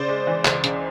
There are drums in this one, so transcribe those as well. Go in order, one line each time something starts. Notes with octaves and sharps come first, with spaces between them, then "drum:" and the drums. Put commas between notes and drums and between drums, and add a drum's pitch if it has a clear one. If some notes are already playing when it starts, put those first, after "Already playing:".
Already playing: C#3 C5 D5
G#3
E3
C#2, drum: clap
C#3, drum: hi-hat